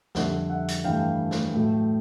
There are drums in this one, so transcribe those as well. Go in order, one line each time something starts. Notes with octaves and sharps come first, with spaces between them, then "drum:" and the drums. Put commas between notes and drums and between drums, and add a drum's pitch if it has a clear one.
F2 D3 G3 E5 F#5, drum: snare
E5 F#5
drum: hi-hat
G2 E3 A3 F5 G5
drum: snare
A2 F#3 A3